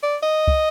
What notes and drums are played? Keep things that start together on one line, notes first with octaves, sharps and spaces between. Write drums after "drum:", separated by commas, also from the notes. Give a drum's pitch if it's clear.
D5
D#5
drum: kick